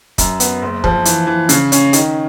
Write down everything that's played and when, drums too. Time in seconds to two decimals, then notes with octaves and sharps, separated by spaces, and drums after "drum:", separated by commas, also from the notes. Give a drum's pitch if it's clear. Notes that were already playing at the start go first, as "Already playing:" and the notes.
0.18 F#2, drum: kick, hi-hat
0.40 B3, drum: hi-hat
0.62 F#1
0.84 F3, drum: kick
1.05 E3, drum: hi-hat
1.27 E3
1.49 C#3, drum: hi-hat
1.72 C#4, drum: hi-hat
1.93 D#3, drum: hi-hat